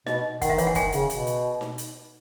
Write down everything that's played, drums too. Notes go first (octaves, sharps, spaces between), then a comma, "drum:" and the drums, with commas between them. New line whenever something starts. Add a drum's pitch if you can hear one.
B2 D#5, drum: snare D#4
D#3 F#5, drum: kick, hi-hat
E5
E3 C#5, drum: hi-hat
F#5
E3
D#3 G#5, drum: kick, hi-hat
C#3, drum: hi-hat
B2, drum: hi-hat
drum: hi-hat
drum: snare D#4
drum: hi-hat